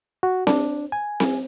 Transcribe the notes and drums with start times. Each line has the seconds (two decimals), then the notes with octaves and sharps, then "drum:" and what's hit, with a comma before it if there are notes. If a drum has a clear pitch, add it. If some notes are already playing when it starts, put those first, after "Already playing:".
0.23 F#4
0.47 D4, drum: snare C4
0.92 G#5
1.20 drum: snare C4